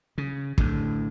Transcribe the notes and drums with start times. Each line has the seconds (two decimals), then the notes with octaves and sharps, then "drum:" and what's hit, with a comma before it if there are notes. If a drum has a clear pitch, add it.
0.18 C#3
0.58 A2 D3, drum: kick